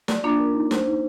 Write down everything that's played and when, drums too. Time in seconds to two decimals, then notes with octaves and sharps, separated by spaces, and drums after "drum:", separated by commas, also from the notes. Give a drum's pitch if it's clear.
0.08 D5, drum: snare
0.24 A#3 D4 F4
0.40 A#4
0.54 D#4
0.71 C5, drum: snare
0.86 D#4